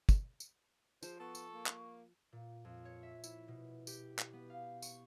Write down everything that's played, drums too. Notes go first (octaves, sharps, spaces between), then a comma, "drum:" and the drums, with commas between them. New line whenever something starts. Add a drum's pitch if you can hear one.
drum: kick, tambourine
drum: tambourine
F3 G#4 C5, drum: tambourine
B3 A4 C#6
drum: tambourine
A#3
drum: clap
A#2
F2
C#5
E5
E4, drum: tambourine
B2
G4, drum: tambourine
drum: clap
B3
F5
C#6, drum: tambourine